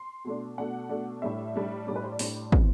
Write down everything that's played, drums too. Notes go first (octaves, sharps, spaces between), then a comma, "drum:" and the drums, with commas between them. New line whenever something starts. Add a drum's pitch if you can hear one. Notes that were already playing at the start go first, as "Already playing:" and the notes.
Already playing: C6
B2 A3 D4
B2 A3 D4 F#5
B2 A3 D4
A2 G3 D4 E5
A2 G3 D4
A2 G3 D4 D5
B4
C5
D5
A2 G3 D4 C5, drum: open hi-hat
C3 E3 B3 E4, drum: kick